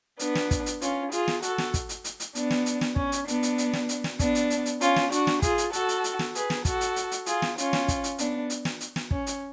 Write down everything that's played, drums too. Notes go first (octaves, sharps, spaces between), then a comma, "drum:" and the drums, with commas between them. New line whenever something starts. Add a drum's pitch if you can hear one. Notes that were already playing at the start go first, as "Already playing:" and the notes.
B3 D4, drum: hi-hat
drum: snare
drum: kick, hi-hat
drum: hi-hat
C#4 F4, drum: hi-hat
F4 G#4, drum: hi-hat
drum: snare
F#4 A4, drum: hi-hat
drum: snare
drum: kick, hi-hat
drum: hi-hat
drum: hi-hat
drum: hi-hat
B3 D4, drum: hi-hat
drum: snare
drum: hi-hat
drum: snare
C#4, drum: kick
drum: hi-hat
B3 D4, drum: hi-hat
drum: hi-hat
drum: hi-hat
drum: snare
drum: hi-hat
drum: snare
B3 D4, drum: kick, hi-hat
drum: hi-hat
drum: hi-hat
drum: hi-hat
C#4 F4, drum: hi-hat
drum: snare
D4 F#4, drum: hi-hat
drum: snare
F4 G#4, drum: kick, hi-hat
drum: hi-hat
F#4 A4, drum: hi-hat
drum: hi-hat
drum: hi-hat
drum: snare
G#4 B4, drum: hi-hat
drum: snare
F#4 A4, drum: kick, hi-hat
drum: hi-hat
drum: hi-hat
drum: hi-hat
F4 G#4, drum: hi-hat
drum: snare
C#4 F4, drum: hi-hat
drum: snare
drum: kick, hi-hat
drum: hi-hat
B3 D4, drum: hi-hat
drum: hi-hat
drum: snare
drum: hi-hat
drum: snare
C#4, drum: kick
drum: hi-hat